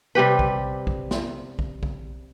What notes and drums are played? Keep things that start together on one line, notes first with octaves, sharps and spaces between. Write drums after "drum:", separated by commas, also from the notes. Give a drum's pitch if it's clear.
C3 G3 G4 B4
drum: kick A#1
drum: kick A#1
drum: snare
drum: kick A#1
drum: kick A#1